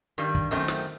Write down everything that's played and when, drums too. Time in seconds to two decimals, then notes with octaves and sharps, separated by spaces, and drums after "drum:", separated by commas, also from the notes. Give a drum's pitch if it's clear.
0.18 G2 D#3 G3
0.35 drum: kick
0.51 F#2 D#3 A3 C4 D#4
0.68 drum: snare